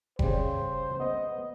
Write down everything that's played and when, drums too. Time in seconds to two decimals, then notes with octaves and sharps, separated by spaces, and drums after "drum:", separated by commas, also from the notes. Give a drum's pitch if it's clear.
0.19 C#3 G3 C5, drum: kick F1
1.00 B3 D#5